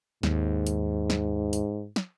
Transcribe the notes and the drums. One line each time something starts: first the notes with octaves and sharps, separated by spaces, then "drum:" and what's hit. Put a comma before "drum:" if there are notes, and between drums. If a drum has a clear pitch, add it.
D#2 G#2, drum: snare
drum: hi-hat
drum: snare
drum: hi-hat
drum: snare